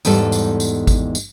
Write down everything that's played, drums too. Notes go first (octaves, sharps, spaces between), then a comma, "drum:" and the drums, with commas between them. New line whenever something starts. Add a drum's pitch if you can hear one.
E2 G#2 G3 A4, drum: tambourine
drum: tambourine
drum: tambourine
drum: kick G#1, tambourine
drum: tambourine